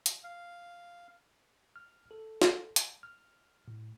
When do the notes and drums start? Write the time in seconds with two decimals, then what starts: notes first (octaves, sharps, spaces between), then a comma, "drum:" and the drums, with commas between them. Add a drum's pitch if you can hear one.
0.06 drum: hi-hat
0.24 F5
1.76 F6
2.11 A4
2.42 drum: snare
2.76 drum: hi-hat
3.03 F6
3.68 A2